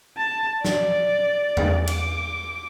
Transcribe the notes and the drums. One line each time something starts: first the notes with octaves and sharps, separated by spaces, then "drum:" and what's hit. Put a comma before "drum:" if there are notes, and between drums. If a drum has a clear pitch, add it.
A5
D5, drum: snare
drum: tom E2
D6, drum: cymbal